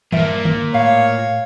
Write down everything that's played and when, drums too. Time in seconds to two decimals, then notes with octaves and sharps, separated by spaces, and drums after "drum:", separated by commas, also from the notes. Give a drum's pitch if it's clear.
0.12 G2 A#2 A#3 C5 E5, drum: tom D#3
0.45 drum: tom D3
0.74 A2 C#5 F5